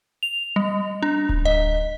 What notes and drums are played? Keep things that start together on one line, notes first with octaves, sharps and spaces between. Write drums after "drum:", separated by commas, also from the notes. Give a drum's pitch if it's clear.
F7
G3
D4
drum: kick D1
D#5